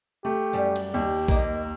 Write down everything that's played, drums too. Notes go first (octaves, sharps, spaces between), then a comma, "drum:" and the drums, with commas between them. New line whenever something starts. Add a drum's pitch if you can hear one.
A3 G4
F#2 G3
drum: cymbal
D#2 G4
A#3 D#5, drum: kick A#1